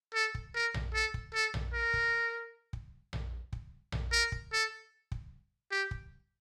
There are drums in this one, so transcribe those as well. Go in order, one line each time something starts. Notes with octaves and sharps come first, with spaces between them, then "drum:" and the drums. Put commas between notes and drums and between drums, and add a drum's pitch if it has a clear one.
A4
drum: kick
A#4
drum: tom A#1
A4
drum: kick
A4
drum: tom A#1
A#4
drum: kick
drum: kick
drum: tom A#1
drum: kick
drum: tom A#1
A#4
drum: kick
A4
drum: kick
G4
drum: kick